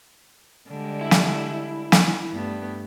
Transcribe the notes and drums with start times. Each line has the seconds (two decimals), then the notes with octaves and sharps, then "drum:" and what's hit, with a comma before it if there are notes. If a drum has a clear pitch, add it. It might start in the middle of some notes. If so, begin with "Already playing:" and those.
0.67 D3 G3 G#3
1.01 E4
1.11 drum: snare
1.92 drum: snare
2.32 G2 A3 B3